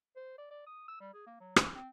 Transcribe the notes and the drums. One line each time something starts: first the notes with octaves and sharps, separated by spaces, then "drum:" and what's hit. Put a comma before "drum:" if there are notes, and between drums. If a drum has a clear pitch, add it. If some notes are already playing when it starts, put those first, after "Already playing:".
C5
D5
D5
D#6
E6
G3
G#4
A#3
F#3
C#4, drum: rim click
C4